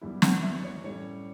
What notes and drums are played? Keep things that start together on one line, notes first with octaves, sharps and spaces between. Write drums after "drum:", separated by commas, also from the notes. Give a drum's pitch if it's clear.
F#2 E3 G3 B3 E4
F#5, drum: snare
E5
C#5
A2 G3 C#4 C#5